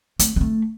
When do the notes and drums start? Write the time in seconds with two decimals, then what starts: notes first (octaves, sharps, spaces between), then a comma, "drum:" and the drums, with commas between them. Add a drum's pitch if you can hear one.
0.19 A3, drum: hi-hat
0.36 G#3
0.41 A3